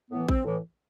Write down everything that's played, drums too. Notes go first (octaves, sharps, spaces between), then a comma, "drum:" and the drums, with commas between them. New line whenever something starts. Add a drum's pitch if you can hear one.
A2 E3 B3
C4, drum: kick A1
A2 E3